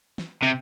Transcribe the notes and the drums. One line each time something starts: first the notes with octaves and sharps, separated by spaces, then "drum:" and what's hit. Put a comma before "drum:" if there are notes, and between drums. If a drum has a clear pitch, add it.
drum: snare
C3